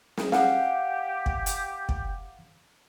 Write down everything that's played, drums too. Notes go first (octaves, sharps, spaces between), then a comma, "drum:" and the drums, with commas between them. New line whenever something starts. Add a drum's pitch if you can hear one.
drum: snare
G4 F5 F#5, drum: snare
drum: kick
drum: hi-hat
drum: kick